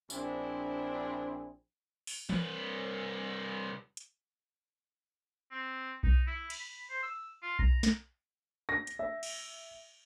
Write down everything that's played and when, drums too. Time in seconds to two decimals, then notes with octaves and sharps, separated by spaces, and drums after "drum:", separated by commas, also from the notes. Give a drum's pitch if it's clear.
0.10 A#1 C4 D4 E4 G#4, drum: tambourine
2.07 drum: open hi-hat
2.29 C2 B4, drum: tom E3
3.97 drum: hi-hat
5.51 C4
6.03 D#4, drum: kick B1
6.27 E4
6.50 drum: cymbal
6.59 B5
6.90 C5
7.03 E6
7.42 F4
7.59 A#5, drum: kick B1
7.83 drum: snare
8.69 A#6
8.87 drum: hi-hat
8.99 E5
9.23 drum: cymbal